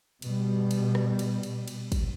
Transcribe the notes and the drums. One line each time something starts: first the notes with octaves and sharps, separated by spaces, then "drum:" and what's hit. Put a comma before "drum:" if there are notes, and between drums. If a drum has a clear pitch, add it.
B2 G3, drum: cymbal
drum: cymbal
drum: rim click
drum: cymbal
drum: cymbal
drum: cymbal
drum: kick, cymbal